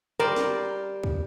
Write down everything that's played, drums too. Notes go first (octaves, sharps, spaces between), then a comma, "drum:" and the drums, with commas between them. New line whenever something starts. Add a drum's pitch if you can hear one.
G3 A#4 C5 D5
drum: snare
drum: kick C#2